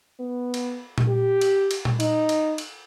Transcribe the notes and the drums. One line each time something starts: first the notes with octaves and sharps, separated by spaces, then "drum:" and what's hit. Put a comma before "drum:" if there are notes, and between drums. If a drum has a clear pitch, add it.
B3
drum: cymbal
drum: tom A#2
G4
drum: cymbal
drum: cymbal
drum: tom A#2
D#4, drum: cymbal
drum: cymbal
drum: cymbal